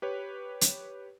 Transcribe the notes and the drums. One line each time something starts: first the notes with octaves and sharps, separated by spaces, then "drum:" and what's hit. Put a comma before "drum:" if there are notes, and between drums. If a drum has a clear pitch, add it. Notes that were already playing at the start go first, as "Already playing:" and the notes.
G4 B4 C#5
drum: hi-hat